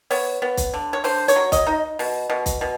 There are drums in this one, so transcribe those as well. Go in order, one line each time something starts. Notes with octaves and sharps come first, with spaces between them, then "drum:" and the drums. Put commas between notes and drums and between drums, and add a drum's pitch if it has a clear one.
B3 C#5, drum: open hi-hat
B3
drum: kick, hi-hat
D3
C#5
D3 C5, drum: open hi-hat
C#5, drum: hi-hat
F#3
D#5, drum: kick, hi-hat
D#4
B2, drum: open hi-hat
B2
drum: kick, hi-hat
B2